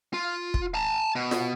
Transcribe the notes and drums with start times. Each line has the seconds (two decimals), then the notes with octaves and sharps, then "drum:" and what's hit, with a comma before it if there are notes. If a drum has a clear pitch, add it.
0.14 F4
0.54 drum: kick
0.74 A5 A#5
1.15 B2
1.31 drum: snare F4